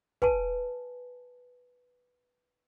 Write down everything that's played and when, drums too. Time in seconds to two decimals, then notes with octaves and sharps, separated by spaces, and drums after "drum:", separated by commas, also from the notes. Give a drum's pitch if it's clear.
0.22 B4 G#5 A5, drum: kick